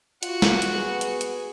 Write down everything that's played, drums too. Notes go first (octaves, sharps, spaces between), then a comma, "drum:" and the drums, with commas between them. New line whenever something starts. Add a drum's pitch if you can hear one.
F4 F#4 F#5, drum: hi-hat
drum: snare
drum: hi-hat
B3 G#4
drum: hi-hat
drum: hi-hat